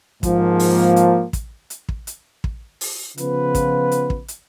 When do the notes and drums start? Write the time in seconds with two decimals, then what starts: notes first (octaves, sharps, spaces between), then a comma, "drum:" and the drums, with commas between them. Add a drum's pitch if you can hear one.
0.23 G#2 F3 A#3, drum: kick, hi-hat
0.59 drum: open hi-hat
0.96 drum: hi-hat
1.33 drum: kick, hi-hat
1.70 drum: hi-hat
1.89 drum: kick
2.07 drum: hi-hat
2.44 drum: kick
2.81 drum: open hi-hat
3.18 C#3 F3 B3 F4 B4, drum: hi-hat
3.55 drum: kick, hi-hat
3.91 drum: hi-hat
4.10 drum: kick
4.28 drum: hi-hat